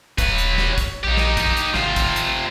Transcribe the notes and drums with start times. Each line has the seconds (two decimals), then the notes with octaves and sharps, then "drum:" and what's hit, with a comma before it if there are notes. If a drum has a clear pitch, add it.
0.18 D#1 F#3 B4, drum: kick, hi-hat
0.38 drum: hi-hat
0.58 drum: snare
0.78 drum: kick, hi-hat
1.04 A#1 D#4 G4
1.17 drum: snare
1.37 drum: kick, hi-hat
1.57 drum: hi-hat
1.74 G#1 C3 F4, drum: snare
1.96 drum: kick, hi-hat
2.16 drum: hi-hat